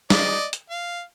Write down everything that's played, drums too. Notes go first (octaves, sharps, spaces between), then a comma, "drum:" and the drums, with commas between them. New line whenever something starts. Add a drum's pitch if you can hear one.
D5 D#5, drum: snare
drum: hi-hat
F5